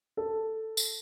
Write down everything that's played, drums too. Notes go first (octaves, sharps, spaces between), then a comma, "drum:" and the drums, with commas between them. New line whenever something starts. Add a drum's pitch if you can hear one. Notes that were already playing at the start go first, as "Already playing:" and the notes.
A4
drum: tambourine